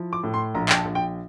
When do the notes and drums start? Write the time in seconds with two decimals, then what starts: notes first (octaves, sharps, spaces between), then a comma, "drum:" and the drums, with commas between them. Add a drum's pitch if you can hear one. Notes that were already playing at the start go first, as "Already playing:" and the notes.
Already playing: F3 E4
0.13 D6
0.24 A2
0.34 C6
0.55 A#1 A#5
0.69 G5, drum: clap
0.75 A5
0.85 A#1
0.95 G5